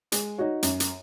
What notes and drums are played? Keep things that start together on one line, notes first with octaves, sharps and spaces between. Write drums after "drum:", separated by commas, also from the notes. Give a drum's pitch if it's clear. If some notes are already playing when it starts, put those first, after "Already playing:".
G#3, drum: hi-hat
D#4 F#4 C#5
F#2, drum: hi-hat
drum: hi-hat